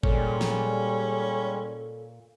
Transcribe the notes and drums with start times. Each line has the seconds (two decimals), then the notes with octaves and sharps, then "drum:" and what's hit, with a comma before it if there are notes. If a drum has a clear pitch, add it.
0.03 A#2 G3 G#3 C#4 A4, drum: kick G1
0.41 drum: snare